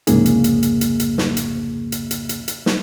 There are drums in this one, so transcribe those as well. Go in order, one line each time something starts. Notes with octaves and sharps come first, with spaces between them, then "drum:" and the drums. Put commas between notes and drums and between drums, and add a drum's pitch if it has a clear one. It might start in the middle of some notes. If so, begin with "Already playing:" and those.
C2 F2 G#2 C#3 A#3 G#4, drum: hi-hat
drum: hi-hat
drum: hi-hat
drum: hi-hat
drum: hi-hat
drum: hi-hat
drum: snare
drum: hi-hat
drum: hi-hat
drum: hi-hat
drum: hi-hat
drum: hi-hat
drum: snare